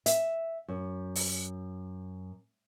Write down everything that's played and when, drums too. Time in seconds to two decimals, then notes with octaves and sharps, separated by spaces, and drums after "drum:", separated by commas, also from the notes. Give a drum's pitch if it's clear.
0.06 E5, drum: hi-hat
0.68 F#2
1.15 drum: open hi-hat